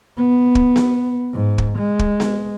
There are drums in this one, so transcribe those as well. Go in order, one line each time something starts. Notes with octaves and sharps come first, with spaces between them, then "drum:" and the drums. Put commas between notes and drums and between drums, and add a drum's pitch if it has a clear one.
B3
drum: kick
drum: snare B3
G#2
drum: kick
G#3
drum: kick
drum: snare B3